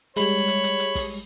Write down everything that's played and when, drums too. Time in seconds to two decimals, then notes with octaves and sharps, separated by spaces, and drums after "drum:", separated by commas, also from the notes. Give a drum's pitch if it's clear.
0.16 G3 G#3 C#5 B5, drum: hi-hat
0.48 drum: hi-hat
0.64 drum: hi-hat
0.80 drum: hi-hat
0.95 drum: kick, open hi-hat